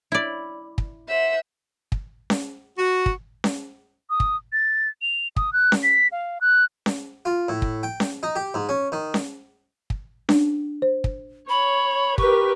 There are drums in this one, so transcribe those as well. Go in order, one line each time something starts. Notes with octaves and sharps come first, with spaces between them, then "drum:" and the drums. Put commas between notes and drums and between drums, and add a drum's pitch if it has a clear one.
E4 D5
drum: kick
C5 E5 F#5
drum: kick
drum: snare C#4
F#4
drum: kick
drum: snare C#4
D#6
drum: kick
A6
F7
D#6, drum: kick
F#6
drum: snare C#4
B6
F5
F#6
drum: snare C#4
F4
A2
drum: kick
G5
drum: snare C#4
D#4
G4
G#2
C#4
D#3
drum: snare C#4
drum: kick
D4, drum: snare C#4
C5
drum: kick
C#5 B5
G4 A#4 B4 C#6, drum: kick